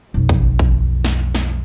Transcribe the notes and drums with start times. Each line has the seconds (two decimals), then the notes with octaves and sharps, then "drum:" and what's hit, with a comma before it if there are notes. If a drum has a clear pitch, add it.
0.14 B1 F2
0.29 drum: kick
0.59 drum: kick
1.04 drum: snare
1.35 drum: snare